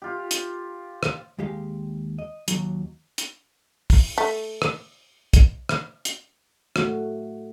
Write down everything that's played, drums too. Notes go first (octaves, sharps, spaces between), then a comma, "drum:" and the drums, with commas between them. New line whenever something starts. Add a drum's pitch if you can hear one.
F4 G4
drum: hi-hat
drum: rim click
D#2 G#3 G4 F5
D#5
D#2 F#3, drum: hi-hat
drum: hi-hat
drum: kick, open hi-hat
A3
drum: rim click
drum: kick, hi-hat
drum: rim click
drum: hi-hat
A3 F#4, drum: rim click